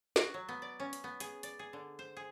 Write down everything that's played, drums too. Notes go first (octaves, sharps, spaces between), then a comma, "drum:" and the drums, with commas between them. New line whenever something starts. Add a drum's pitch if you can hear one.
F#4, drum: snare
F#3
B3
D5
C#4
drum: hi-hat
B3
G#4, drum: hi-hat
D5, drum: hi-hat
G#4
D3
C5
G#4